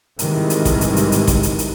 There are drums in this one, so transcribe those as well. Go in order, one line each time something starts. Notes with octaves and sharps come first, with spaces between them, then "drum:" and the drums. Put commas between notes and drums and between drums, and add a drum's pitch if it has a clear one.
G#2 C3 D#3 E3 G3 G#3, drum: hi-hat
drum: hi-hat
drum: kick, hi-hat
drum: hi-hat
drum: hi-hat
drum: hi-hat
drum: kick, hi-hat
drum: hi-hat
drum: hi-hat